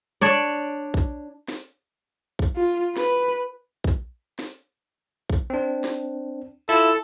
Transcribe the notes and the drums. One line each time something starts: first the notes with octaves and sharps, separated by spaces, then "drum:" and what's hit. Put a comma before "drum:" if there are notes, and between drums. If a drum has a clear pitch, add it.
D4 C#5 D5
drum: kick A#1
drum: snare
drum: kick A#1
F4
B4, drum: snare
drum: kick A#1
drum: snare
drum: kick A#1
C4 D4
drum: snare
E4 F4 A4